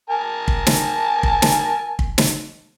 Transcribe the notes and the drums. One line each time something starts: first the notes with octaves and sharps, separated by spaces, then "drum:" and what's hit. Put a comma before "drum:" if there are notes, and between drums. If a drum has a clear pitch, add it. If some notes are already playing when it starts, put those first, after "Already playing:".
A#4 G#5 A5
drum: kick
drum: snare
drum: kick
drum: snare
drum: kick
drum: snare